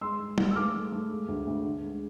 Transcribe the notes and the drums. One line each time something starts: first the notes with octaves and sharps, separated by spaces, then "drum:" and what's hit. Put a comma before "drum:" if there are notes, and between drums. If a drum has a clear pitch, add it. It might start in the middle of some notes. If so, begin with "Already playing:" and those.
G#3 C6 E6
G#3
G#3, drum: tom G3
E6
A3 D6 F6
A3
A3
G#3
D2
D2
D3
G#3